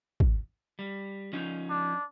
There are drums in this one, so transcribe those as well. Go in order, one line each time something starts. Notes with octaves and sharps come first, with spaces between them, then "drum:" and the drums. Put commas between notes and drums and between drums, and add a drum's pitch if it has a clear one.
drum: kick
G3
F3 C#4 D#4
D4